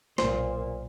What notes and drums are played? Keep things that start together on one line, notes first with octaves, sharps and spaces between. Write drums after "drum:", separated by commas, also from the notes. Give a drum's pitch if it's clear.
B1 A#2 C5, drum: snare